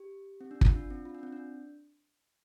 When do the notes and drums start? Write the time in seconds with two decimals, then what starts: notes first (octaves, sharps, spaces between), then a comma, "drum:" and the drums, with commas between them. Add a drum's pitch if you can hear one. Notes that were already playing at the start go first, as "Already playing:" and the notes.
Already playing: G4
0.41 C4
0.51 D4
0.61 F4, drum: kick
0.76 D4
0.90 C4
1.05 F4
1.15 D4
1.23 C4
1.32 D4